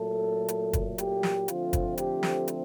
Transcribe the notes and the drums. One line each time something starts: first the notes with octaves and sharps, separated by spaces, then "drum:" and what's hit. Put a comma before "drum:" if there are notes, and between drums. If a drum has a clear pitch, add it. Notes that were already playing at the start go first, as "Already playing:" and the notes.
Already playing: A#2 F#3 A3 A4
drum: hi-hat
drum: kick, hi-hat
G4, drum: hi-hat
drum: snare
D3 F3 A3 C4 F4, drum: hi-hat
drum: kick, hi-hat
G4, drum: hi-hat
drum: snare
drum: hi-hat